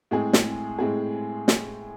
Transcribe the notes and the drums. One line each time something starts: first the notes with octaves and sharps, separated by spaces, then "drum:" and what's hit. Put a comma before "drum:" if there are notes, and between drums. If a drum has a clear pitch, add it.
A2 G#3 C4 G#4
drum: snare
A2 G#3 C4 G#4
drum: snare